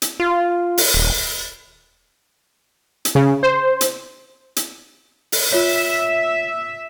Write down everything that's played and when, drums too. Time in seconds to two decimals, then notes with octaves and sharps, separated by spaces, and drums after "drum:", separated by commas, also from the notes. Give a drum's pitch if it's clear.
0.02 drum: hi-hat
0.20 F4
0.78 drum: open hi-hat
0.94 D#1
3.05 drum: hi-hat
3.15 C#3
3.43 C5
3.81 drum: hi-hat
4.56 drum: hi-hat
5.32 drum: open hi-hat
5.52 F4 C#5 E5